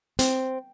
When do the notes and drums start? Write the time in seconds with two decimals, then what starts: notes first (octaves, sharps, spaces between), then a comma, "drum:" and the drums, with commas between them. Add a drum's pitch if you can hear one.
0.19 C4, drum: hi-hat